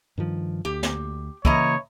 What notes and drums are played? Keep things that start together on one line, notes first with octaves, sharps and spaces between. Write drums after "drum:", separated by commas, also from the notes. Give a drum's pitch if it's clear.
G2 D#3 F3
D2 G4
drum: snare
C#3 E3 A#3 C#5 D#5 A#5, drum: kick